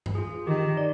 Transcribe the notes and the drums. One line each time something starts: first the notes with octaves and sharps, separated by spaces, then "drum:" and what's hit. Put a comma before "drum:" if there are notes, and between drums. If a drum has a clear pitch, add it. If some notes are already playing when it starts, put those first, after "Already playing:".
drum: tom G2
F4 G#4
D#3 G4
D5